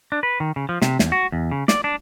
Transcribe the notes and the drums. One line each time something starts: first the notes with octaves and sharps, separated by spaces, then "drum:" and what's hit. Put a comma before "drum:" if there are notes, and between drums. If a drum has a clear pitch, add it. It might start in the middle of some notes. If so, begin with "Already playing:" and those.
D4
B4
D#3
C#3
F3
C3, drum: snare
E2, drum: snare
F#4
E2
C#3
D5, drum: snare
D4